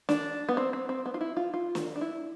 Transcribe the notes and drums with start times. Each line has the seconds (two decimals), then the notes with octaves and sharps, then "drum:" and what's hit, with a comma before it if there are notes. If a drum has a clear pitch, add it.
0.09 D4, drum: snare
0.49 B3
0.57 C4
0.73 C4
0.89 C4
1.06 B3
1.14 F4
1.21 E4
1.37 F4
1.54 F4
1.75 drum: snare
1.96 D4
2.01 E4